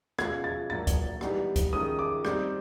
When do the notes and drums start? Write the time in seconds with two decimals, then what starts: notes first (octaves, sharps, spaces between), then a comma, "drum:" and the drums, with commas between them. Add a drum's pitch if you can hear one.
0.18 B2 G#3 C#4 F4 G#6, drum: rim click
0.44 A6
0.70 A#2 F#3 A#3 D4 F#4 A6
0.87 drum: kick C2, hi-hat
1.21 E3 G3 B3 D#4 G4, drum: rim click
1.56 drum: kick C2, hi-hat
1.73 D#3 G#3 C#4 D#6
1.99 D6
2.25 G3 C4 D#4 G6, drum: rim click